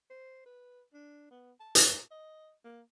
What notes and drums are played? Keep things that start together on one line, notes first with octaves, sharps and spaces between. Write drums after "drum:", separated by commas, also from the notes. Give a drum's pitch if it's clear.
C5
B4
D4
B3
A5
drum: hi-hat
A#4
D#5
A#3